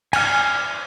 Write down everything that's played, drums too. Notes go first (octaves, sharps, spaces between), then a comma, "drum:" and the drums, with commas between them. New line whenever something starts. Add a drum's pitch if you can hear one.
G#5 F6, drum: cymbal